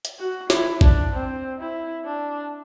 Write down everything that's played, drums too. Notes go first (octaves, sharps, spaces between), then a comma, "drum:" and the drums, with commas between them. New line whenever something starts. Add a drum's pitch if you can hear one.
drum: hi-hat
F#4
E4, drum: snare
D4, drum: kick A#1
C4
E4
D4